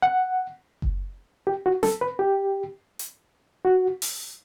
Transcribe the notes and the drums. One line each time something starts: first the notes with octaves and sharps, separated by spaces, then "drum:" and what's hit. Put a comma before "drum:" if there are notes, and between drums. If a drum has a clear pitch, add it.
F#5
drum: kick F#1
G4
F#4
A4, drum: snare
B4
G4
drum: hi-hat
F#4
drum: open hi-hat